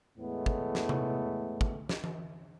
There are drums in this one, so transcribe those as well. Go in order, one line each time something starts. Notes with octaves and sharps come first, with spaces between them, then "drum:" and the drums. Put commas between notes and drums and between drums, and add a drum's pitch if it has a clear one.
E2 A2 G#3 A3 B3
drum: kick
drum: snare
drum: tom C3
drum: kick
drum: snare
drum: tom E3